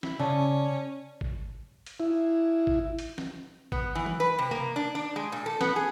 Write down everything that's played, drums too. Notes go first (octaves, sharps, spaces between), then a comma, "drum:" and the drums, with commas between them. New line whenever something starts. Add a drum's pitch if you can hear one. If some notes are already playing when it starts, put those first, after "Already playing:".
E4, drum: snare C4
C#3 C#4 D5 A5
drum: kick G#1
drum: hi-hat
E4
drum: kick G#1
drum: hi-hat
drum: snare C4
B3, drum: kick G#1
E3
drum: tom E3
B4
C3
A#3, drum: tom C3
D4
D4
G#3
A#2
A4
B3, drum: snare C4
G#4